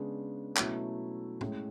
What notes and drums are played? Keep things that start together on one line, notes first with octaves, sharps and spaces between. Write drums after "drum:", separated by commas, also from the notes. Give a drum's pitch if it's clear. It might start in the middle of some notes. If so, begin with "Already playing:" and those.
Already playing: C#3 G#3 B3 D4
B2 F#3 A3 C#4 E4, drum: clap
A2 G#3 C#4 E4, drum: tom